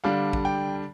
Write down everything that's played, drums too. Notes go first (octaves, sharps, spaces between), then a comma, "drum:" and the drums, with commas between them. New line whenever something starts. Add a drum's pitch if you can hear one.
D3 G3 D4 F5
drum: kick
G5